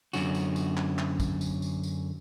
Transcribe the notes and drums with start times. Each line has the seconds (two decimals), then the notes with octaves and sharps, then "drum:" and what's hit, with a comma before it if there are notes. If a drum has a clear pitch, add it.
0.13 F#2 D3 C#4 F#4, drum: tambourine
0.35 drum: tambourine
0.56 drum: tambourine
0.77 drum: clap
0.98 drum: clap
1.20 drum: kick, tambourine
1.41 drum: tambourine
1.62 drum: tambourine
1.83 drum: tambourine